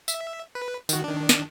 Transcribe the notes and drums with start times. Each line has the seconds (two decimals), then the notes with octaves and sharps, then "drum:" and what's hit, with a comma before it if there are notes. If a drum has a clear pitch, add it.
0.08 E5, drum: tambourine
0.55 B4
0.89 D#3 F#4, drum: tambourine
1.04 D#3 D4
1.29 drum: snare